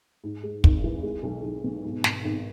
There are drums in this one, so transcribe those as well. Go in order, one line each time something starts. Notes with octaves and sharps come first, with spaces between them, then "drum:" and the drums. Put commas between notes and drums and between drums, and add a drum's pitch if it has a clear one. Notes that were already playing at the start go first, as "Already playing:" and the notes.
G#2
G#3
G#1, drum: kick
E3
G#3
B1
B1
B2
G#2
G#1, drum: snare
G#1